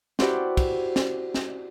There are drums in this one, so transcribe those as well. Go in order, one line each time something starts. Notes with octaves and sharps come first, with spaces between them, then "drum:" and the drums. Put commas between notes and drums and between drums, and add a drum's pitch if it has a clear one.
E4 F#4 G4 B4 C5 D5, drum: snare
drum: kick, cymbal
drum: snare
drum: snare